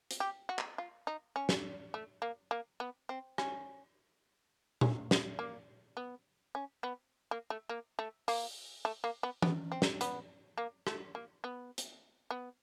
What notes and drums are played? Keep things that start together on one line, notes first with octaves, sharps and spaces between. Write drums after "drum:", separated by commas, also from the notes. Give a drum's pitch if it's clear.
drum: hi-hat
G4
F#4
drum: clap
F4
D#4
C#4
drum: snare
A3
A#3
A#3
B3
C4
C#4, drum: rim click
C#4, drum: tom A#2
B3, drum: snare
A#3
B3
C#4
B3
A#3
A3
A#3
A3
A#3, drum: open hi-hat
A3
A#3
B3
B3, drum: tom E3
C4
drum: snare
B3, drum: hi-hat
A#3
A3, drum: rim click
A#3
B3
drum: hi-hat
B3